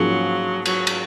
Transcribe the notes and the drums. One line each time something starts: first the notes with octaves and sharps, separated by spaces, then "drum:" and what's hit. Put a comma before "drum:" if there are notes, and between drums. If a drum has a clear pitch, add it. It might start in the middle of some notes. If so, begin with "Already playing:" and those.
Already playing: G#2 F3 F#3 A#3 C#4 G#4
F#3, drum: cymbal
drum: cymbal